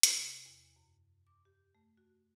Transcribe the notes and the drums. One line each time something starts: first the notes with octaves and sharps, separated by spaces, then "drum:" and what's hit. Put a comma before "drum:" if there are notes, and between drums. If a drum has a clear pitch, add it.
drum: hi-hat
C3
E2
F#2
D6
G4
A3
F#4